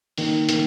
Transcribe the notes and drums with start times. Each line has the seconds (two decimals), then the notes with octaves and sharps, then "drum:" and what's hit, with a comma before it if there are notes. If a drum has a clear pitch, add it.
0.18 D#3 A#3, drum: open hi-hat
0.49 D#3 A#3, drum: hi-hat